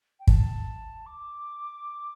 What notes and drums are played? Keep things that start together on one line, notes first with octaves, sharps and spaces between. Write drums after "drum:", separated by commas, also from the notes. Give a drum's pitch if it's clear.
G5
A5, drum: kick
D6